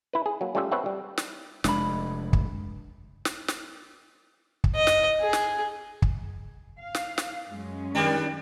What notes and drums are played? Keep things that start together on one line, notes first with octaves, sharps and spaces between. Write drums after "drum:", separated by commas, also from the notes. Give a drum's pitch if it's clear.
E4 B4
G#4
F#3 A#3
G3 A3 C#4 F4 G4 E5
C4 B4 C#5 E5 F#5 A5
G3
drum: snare
F1 G#3 D4 B5, drum: snare
drum: kick
drum: snare
drum: snare
drum: kick
D#5
drum: snare
G#4
drum: snare
drum: kick
F5
drum: snare
drum: snare
F#2 G#3 C#4
D#3 G3 D4